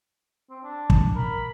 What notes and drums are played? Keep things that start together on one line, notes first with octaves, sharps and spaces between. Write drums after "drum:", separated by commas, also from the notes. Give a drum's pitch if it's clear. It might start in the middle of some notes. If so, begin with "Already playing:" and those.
C4
D4
drum: kick
A#4 B5